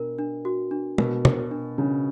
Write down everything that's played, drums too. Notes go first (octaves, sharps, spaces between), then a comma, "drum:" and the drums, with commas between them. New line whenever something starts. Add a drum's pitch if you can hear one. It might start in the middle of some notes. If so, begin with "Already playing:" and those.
Already playing: B2 D4 A#4
D4
F#4
D4
B2 A#4, drum: tom
A#4, drum: tom
D4
C#3 D4